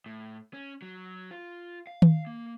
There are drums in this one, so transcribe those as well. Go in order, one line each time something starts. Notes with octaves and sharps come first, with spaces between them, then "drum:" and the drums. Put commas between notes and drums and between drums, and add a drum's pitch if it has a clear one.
A2
C#4
F#3
F4
F5
drum: tom D#3
A#3